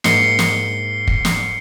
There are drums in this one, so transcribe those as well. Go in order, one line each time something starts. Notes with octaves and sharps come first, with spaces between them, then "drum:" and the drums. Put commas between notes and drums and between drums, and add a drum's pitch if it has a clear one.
G#2 A#3 C7 C#7 G7, drum: snare
drum: snare
drum: kick
drum: snare